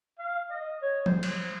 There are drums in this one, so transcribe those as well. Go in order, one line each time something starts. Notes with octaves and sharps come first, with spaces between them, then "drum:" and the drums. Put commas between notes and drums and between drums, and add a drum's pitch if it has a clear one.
F5
D#5
C#5
C5, drum: tom
drum: cymbal